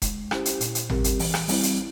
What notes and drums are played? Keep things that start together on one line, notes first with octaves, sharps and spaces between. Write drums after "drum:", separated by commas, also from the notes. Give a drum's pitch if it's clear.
G#3, drum: kick E1, hi-hat
C#4 E4 G4 C5, drum: rim click
drum: hi-hat
A#2, drum: hi-hat
drum: hi-hat
G3 C4 G4 A#4, drum: tom G#1
drum: hi-hat
E3, drum: open hi-hat
drum: rim click
G3 C4 E4, drum: open hi-hat
drum: hi-hat